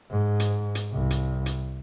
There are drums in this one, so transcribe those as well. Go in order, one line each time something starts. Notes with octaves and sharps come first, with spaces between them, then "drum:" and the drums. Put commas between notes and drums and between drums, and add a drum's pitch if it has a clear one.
G#2
drum: hi-hat
drum: hi-hat
C2
drum: hi-hat
drum: hi-hat